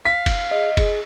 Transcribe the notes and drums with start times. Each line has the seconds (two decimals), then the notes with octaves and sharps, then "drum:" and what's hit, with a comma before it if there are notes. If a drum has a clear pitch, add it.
0.05 F5 B6
0.26 drum: kick F#1, cymbal
0.51 G#4 D#5
0.77 G#4, drum: kick F#1, cymbal